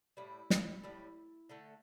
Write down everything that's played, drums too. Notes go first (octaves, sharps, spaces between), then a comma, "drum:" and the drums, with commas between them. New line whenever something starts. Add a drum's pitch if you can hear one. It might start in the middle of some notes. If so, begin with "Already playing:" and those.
A2 G3 E4
drum: snare
A2 G3
D3 A3 A4